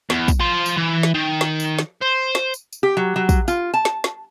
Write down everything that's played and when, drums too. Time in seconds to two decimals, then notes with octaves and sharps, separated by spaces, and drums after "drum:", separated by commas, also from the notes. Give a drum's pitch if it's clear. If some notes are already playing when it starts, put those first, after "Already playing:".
0.10 E2, drum: snare
0.28 drum: kick, tambourine
0.40 F3 C6
0.66 drum: tambourine
0.78 E3
1.03 drum: snare
1.15 D#3
1.41 drum: snare
1.60 drum: tambourine
1.79 drum: snare
2.02 C5
2.35 drum: snare
2.54 drum: tambourine
2.73 drum: tambourine
2.83 G4
2.97 F#3
3.16 F#3
3.29 drum: kick, tambourine
3.48 F4, drum: tambourine
3.74 A5
3.85 drum: snare
4.04 drum: snare